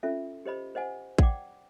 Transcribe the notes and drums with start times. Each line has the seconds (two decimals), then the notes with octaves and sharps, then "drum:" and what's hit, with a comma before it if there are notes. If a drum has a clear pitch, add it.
0.03 C#4 F4 A4 E5
0.45 G4 C5 D#5 B5
0.75 C5 D#5 F#5 G#5
1.18 D5 F#5 G5 D6, drum: kick A1